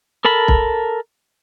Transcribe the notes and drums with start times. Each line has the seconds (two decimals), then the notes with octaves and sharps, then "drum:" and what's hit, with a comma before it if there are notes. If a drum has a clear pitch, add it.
0.25 A4 A#4 A5 B5
0.48 drum: kick